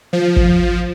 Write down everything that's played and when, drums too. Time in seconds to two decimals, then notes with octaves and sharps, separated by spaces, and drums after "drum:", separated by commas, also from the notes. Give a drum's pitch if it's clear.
0.13 F3
0.36 drum: kick